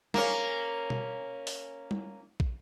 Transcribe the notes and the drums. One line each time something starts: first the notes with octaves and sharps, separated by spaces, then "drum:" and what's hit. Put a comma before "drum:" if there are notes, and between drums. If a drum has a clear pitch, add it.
A#3 C#4, drum: snare
drum: tom B2
drum: open hi-hat
drum: tom G3
drum: kick